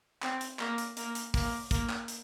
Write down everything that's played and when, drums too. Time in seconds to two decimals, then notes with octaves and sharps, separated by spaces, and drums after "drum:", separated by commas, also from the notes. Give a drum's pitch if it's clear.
0.22 C4, drum: clap
0.41 drum: hi-hat
0.59 A#3, drum: clap
0.78 drum: hi-hat
0.97 A#3, drum: hi-hat
1.15 drum: hi-hat
1.34 A#3, drum: kick, open hi-hat
1.71 A#3, drum: kick, hi-hat
1.90 drum: clap
2.08 drum: hi-hat